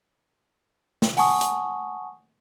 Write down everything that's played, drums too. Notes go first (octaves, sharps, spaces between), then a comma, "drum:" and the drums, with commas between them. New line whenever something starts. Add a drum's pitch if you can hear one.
drum: snare
F#5 G#5 A5 C#6 D#6, drum: open hi-hat
drum: hi-hat